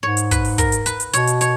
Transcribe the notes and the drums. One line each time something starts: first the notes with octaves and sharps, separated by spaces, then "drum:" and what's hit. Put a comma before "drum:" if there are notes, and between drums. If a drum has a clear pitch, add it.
G#2 C#5
drum: hi-hat
B4, drum: kick, hi-hat
drum: open hi-hat
A#4, drum: kick, hi-hat
drum: hi-hat
B4, drum: hi-hat
drum: hi-hat
B2 C#5, drum: hi-hat
drum: hi-hat
C#5, drum: hi-hat